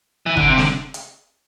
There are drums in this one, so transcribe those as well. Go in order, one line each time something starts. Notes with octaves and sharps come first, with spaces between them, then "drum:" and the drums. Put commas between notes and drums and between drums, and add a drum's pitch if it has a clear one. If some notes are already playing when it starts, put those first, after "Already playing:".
E3
D3, drum: kick
C3
D3, drum: snare
drum: hi-hat